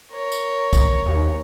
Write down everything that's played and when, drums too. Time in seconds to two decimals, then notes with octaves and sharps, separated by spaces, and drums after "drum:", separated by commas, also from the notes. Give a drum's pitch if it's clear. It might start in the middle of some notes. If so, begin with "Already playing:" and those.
0.11 A#4 C#5
0.32 drum: tambourine
0.73 drum: kick, tambourine
1.06 D#2